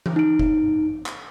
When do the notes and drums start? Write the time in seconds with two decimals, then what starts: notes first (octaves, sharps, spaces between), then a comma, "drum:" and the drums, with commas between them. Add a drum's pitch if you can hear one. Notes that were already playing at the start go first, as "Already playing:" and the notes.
0.06 drum: tom E3
0.16 D#4 D7
0.39 drum: kick F#1
1.06 drum: clap